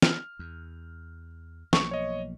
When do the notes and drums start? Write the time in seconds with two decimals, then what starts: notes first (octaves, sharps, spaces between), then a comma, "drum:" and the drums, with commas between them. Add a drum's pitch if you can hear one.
0.02 F6, drum: snare
0.39 E2
1.73 B1 F3 A#3 C#6, drum: snare
1.91 C#5 D#5